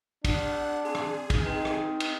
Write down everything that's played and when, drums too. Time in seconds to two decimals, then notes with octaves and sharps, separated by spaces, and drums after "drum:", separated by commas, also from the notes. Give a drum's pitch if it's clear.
0.24 D4 F#5, drum: kick, cymbal
0.85 C4 G#4
0.95 drum: rim click
1.30 drum: kick, cymbal
1.43 C4 D#4 B4 G5
1.65 drum: rim click
2.00 drum: cymbal